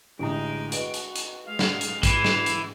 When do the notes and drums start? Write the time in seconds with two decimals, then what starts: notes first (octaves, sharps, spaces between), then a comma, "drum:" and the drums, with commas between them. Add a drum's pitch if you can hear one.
0.19 A1 D3 G#3 D#4 A#5 D7
0.72 F#4 B4 D#5, drum: hi-hat
0.94 drum: hi-hat
1.16 drum: hi-hat
1.46 G#3 F5
1.59 drum: snare
1.81 drum: hi-hat
2.03 E3 C7, drum: kick, hi-hat
2.25 drum: snare
2.46 drum: hi-hat